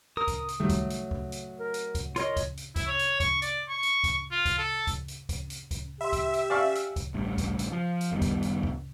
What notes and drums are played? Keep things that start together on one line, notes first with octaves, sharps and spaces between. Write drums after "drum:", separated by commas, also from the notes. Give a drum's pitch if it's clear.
A#4 D#6
drum: kick C#2, hi-hat
drum: hi-hat
G2 D#3 F#3 G3 A3
drum: kick C#2, hi-hat
drum: hi-hat
drum: kick C#2
drum: hi-hat
A#4
drum: hi-hat
drum: kick C#2, hi-hat
F4 A#4 C#5 D#5, drum: hi-hat
drum: kick C#2, hi-hat
drum: hi-hat
E4, drum: kick C#2, hi-hat
C#5
drum: hi-hat
C#6, drum: kick C#2, hi-hat
D5, drum: hi-hat
C#6
drum: hi-hat
drum: kick C#2, hi-hat
F4
drum: kick C#2, hi-hat
A4
drum: kick C#2, hi-hat
drum: hi-hat
drum: kick C#2, hi-hat
drum: hi-hat
drum: kick C#2, hi-hat
G4 E5 B5 C6
drum: kick C#2, hi-hat
drum: hi-hat
D5 F5 G#5 C#6 E6
drum: hi-hat
drum: kick C#2, hi-hat
A1 D2 G2
drum: kick C#2, hi-hat
drum: hi-hat
F3
drum: hi-hat
F#1 D#3 G3 B3
drum: kick C#2, hi-hat
drum: hi-hat
drum: kick C#2